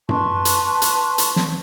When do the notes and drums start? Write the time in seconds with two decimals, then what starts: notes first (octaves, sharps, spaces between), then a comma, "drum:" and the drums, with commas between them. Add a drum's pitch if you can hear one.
0.09 B4 A5 C6 C#6, drum: tom F#2
0.45 drum: hi-hat
0.82 drum: hi-hat
1.18 drum: hi-hat
1.36 drum: snare